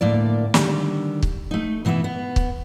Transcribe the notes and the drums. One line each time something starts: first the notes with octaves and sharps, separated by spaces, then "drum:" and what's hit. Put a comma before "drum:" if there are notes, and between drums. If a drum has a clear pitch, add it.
D2 A2 A#3 D5
D3 D#3 G3, drum: snare
drum: kick
A3 D#4
B2 E3 B3 D5 E5
B3
drum: kick